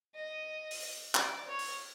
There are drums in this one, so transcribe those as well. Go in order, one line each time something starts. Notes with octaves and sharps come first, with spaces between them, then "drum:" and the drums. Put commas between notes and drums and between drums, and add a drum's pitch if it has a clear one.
D#5
drum: open hi-hat
D5, drum: clap
C#5
drum: open hi-hat